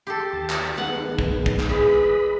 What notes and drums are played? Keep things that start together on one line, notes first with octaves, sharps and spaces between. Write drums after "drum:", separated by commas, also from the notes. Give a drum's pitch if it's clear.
G4 A4 C6
D#2 A5
drum: clap
D#3 G#3 B3 F5 F#5
D#3 G#3 B3
drum: kick
drum: kick
drum: clap
E3 G#3 B4 D#5 B5